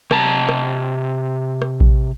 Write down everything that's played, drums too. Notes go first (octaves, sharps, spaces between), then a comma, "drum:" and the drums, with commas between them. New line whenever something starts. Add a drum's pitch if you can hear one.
C3 A5 A#5, drum: rim click
drum: rim click
drum: rim click
drum: kick A#1